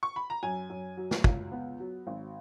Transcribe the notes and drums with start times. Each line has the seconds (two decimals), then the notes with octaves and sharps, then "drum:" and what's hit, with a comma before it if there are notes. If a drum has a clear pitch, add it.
0.03 C#6
0.16 B5
0.30 A#5
0.43 F#2 G#5
0.70 F#2
0.97 F#3
1.11 drum: snare
1.24 C#2, drum: kick
1.52 B3
1.80 F#3
2.07 G#1